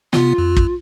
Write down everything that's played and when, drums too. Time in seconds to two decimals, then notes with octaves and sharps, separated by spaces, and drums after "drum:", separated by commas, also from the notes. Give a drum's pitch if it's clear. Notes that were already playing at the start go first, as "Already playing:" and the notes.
0.13 C3 B3 F4, drum: snare
0.38 F2
0.57 drum: kick